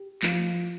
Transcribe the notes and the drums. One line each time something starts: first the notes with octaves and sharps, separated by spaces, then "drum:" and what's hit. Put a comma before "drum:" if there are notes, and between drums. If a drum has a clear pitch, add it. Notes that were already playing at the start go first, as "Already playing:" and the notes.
Already playing: G4
F3, drum: clap